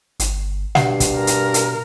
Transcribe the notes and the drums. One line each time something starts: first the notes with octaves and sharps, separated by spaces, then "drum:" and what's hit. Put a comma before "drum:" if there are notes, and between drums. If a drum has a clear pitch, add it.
G1, drum: hi-hat
G2 B2 F#5, drum: snare
drum: kick, hi-hat
A#4
drum: hi-hat
drum: hi-hat